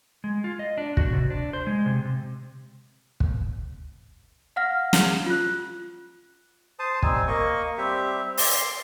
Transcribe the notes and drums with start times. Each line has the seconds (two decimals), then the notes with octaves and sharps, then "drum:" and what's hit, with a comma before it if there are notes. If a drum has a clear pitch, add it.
0.24 G#3
0.44 F4
0.59 D#5
0.78 D4
0.97 F#4, drum: kick
1.13 C3
1.30 D4
1.53 C5
1.67 G#3
1.86 C3
2.05 C3
3.20 drum: kick
4.56 F5 F#5 F6 A#6
4.93 drum: snare
5.26 F4 F#6
6.79 C5 A5 D#6
7.03 G3 C4 D#4 G#5, drum: kick
7.28 A#3 D#5 C#6
7.78 G3 C4 G4 E5
8.38 C6 D6, drum: open hi-hat